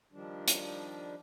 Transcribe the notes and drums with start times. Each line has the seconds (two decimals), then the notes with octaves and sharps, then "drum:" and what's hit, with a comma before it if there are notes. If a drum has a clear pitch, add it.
0.12 D#3 F3 G3 D4
0.48 drum: hi-hat